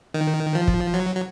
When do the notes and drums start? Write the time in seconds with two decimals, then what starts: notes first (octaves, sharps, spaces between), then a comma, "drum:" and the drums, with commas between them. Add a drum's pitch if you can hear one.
0.14 D#3
0.55 F3
0.67 drum: kick F#1
0.93 F#3
1.15 F#3